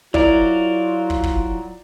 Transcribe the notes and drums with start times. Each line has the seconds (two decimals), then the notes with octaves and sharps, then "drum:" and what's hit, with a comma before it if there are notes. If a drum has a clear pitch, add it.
0.14 F#3 E4 F4 A#4 D5, drum: kick
1.10 drum: kick
1.23 drum: kick